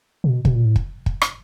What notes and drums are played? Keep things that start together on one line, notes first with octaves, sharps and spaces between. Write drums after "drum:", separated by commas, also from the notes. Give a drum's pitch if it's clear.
C3
B2
B2, drum: kick
A#2
A2
drum: kick
drum: kick
drum: rim click